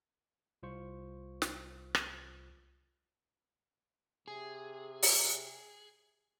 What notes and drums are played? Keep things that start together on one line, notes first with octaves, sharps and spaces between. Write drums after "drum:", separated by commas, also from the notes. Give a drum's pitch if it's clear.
C2 F4 C5 C#6
drum: snare
drum: rim click
C3 G#4
drum: open hi-hat